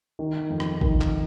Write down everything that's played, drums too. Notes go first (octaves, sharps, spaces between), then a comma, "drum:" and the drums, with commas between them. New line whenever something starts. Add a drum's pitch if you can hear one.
D#3
F2
drum: rim click
D#3, drum: kick
drum: clap